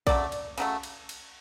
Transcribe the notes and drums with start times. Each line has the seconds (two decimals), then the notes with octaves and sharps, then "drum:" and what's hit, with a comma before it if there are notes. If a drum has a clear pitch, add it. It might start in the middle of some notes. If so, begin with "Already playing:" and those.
0.07 C#3 F#3 A3 D5, drum: kick A#1, cymbal
0.32 drum: cymbal
0.58 C#3 F#3 A3, drum: cymbal
0.83 drum: cymbal
1.09 drum: cymbal